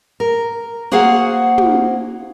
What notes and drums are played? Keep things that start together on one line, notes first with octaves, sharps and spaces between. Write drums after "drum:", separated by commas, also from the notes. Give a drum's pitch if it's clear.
A#4
A#3 F#4 G#4 C5 F5 F#5
drum: tom